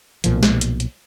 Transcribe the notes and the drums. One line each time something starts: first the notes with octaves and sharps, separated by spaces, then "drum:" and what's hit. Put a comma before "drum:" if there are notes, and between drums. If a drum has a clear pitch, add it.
B1 A#2 F3, drum: hi-hat
drum: snare
drum: hi-hat
drum: hi-hat